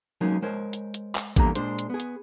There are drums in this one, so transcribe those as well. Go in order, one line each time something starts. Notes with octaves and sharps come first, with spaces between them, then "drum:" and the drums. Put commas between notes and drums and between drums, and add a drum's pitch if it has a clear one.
F#3 G#3 A#3 C#4 D#4
G#3 A#4 C5 C#5
drum: hi-hat
drum: hi-hat
drum: clap
E2 D3 G3 A#3 A#5, drum: kick A1, hi-hat
A#2 G#3 D4 C5, drum: hi-hat
drum: hi-hat
B3 G#4
drum: hi-hat